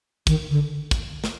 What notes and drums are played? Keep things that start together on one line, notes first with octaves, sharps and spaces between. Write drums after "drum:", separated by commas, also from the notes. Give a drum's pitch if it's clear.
D#3, drum: kick, hi-hat
D3
drum: kick, hi-hat
drum: snare